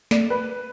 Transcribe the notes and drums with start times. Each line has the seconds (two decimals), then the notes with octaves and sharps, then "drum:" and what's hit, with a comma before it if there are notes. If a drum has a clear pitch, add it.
0.11 D5, drum: snare
0.30 B4